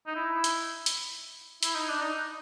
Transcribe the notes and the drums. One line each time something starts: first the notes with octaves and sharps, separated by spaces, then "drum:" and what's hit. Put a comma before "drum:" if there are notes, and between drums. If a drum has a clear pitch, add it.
D#4
E4
drum: hi-hat
drum: hi-hat
E4, drum: hi-hat
D#4
D4
D#4